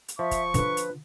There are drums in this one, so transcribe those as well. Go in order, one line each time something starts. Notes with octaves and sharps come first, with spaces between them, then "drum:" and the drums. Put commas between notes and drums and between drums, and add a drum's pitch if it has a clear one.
drum: hi-hat
F3 E5 C#6
drum: kick, hi-hat
D3 F4 B4, drum: hi-hat
drum: hi-hat